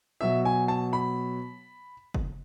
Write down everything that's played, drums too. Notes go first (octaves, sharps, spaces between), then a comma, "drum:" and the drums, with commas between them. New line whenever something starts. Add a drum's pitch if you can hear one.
B2 F#3 E5
G#5
A5
B5
drum: kick